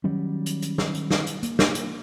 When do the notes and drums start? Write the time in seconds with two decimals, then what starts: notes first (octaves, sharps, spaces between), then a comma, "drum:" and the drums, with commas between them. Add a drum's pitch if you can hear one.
0.04 D#3 F#3 G3 C#4
0.46 drum: hi-hat
0.62 drum: hi-hat
0.78 drum: snare
0.94 drum: hi-hat
1.11 drum: snare
1.27 drum: hi-hat
1.43 A#3, drum: hi-hat
1.59 drum: snare
1.75 drum: hi-hat